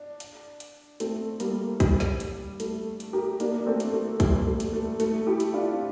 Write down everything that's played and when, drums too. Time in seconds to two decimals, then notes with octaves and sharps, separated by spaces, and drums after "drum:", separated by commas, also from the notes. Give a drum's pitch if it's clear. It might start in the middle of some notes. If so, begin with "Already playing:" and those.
Already playing: D4
0.20 drum: hi-hat
0.60 drum: hi-hat
1.00 A3 C4, drum: hi-hat
1.40 G3 A#3, drum: hi-hat
1.80 G3, drum: kick, hi-hat
2.00 drum: snare
2.20 drum: hi-hat
2.60 A3, drum: hi-hat
3.00 drum: hi-hat
3.13 G4 A#4
3.40 A#3 D4, drum: hi-hat
3.58 D4
3.66 A3 C4
3.80 drum: hi-hat
3.93 A3
4.20 G3, drum: kick, hi-hat
4.47 A3
4.60 drum: hi-hat
4.73 A3
5.00 A3, drum: hi-hat
5.27 E4 G4
5.40 drum: hi-hat
5.54 D4 F4
5.72 C4